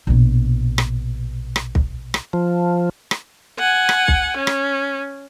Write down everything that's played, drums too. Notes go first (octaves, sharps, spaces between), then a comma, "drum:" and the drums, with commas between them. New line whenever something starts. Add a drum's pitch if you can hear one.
A#1 B2
drum: rim click
drum: rim click
drum: kick
drum: rim click
F3
drum: rim click
F#5 G#5
drum: rim click
drum: kick
C#4
drum: rim click